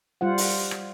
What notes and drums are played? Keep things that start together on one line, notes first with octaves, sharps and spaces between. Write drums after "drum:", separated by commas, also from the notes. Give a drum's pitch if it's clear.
G3 F4 C5 F#5
drum: open hi-hat
drum: rim click